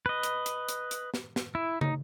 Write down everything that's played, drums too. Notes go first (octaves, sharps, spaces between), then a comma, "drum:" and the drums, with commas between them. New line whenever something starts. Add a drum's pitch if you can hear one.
B4 D#5
drum: hi-hat
drum: hi-hat
drum: hi-hat
drum: hi-hat
drum: snare
drum: snare
E4
D#4, drum: tom